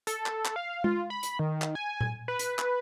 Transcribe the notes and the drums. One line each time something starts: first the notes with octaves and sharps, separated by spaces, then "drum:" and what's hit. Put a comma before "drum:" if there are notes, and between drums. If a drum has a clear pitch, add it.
A4, drum: hi-hat
drum: clap
drum: clap
F5
F4, drum: tom G#3
B5
drum: hi-hat
D#3
drum: clap
G#5
drum: tom A#2
B4
drum: hi-hat
drum: clap